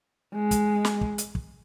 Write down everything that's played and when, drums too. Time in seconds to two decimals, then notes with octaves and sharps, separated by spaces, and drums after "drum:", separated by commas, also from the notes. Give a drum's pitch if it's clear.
0.34 G#3
0.51 drum: kick, hi-hat
0.85 drum: snare
1.01 drum: kick
1.18 drum: hi-hat
1.35 drum: kick